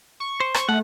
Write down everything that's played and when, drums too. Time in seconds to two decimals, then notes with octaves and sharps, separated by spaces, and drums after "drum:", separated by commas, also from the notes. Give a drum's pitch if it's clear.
0.20 C#6
0.40 C5
0.54 C#6, drum: rim click
0.69 A3 F#5